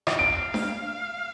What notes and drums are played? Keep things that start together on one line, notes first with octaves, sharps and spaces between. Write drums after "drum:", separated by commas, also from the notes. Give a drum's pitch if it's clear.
drum: rim click
F5 D7
drum: snare D4